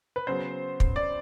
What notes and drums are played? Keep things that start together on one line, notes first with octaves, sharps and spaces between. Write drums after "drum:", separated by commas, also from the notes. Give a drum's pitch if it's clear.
B4
C#3 F#3 B3 C5
drum: kick
D5